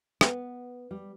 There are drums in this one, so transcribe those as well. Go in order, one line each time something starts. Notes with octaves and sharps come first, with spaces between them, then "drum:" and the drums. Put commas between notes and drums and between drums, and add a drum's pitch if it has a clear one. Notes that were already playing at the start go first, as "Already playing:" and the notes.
B3, drum: rim click
G3